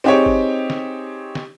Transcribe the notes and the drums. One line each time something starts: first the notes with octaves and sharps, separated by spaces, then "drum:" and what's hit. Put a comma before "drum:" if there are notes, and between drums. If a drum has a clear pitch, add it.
C4 D#4 G4 G#4 C#5
drum: kick G1
drum: snare
drum: snare